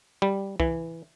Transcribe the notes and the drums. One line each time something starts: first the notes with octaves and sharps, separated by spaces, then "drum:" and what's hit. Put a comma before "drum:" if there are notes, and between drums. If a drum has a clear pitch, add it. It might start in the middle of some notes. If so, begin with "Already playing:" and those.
G3
E3, drum: kick